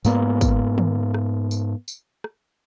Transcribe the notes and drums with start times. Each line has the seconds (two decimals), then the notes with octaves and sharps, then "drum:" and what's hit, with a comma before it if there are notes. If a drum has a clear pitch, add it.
0.05 G#2 A#3 B3, drum: tambourine
0.41 drum: kick, tambourine
0.78 drum: tom
1.14 drum: rim click
1.51 drum: tambourine
1.88 drum: tambourine
2.24 drum: rim click